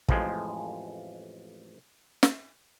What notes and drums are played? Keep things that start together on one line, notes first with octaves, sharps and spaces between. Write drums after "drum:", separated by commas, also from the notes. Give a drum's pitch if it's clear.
A1 F2 F3 G#3, drum: kick
drum: snare